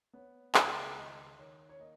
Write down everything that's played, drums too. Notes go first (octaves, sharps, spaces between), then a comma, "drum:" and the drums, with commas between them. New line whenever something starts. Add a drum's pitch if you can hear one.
B3 C#5
C#2, drum: clap
D#2 D#5
D#2 C#5
C#5
A#3 D#5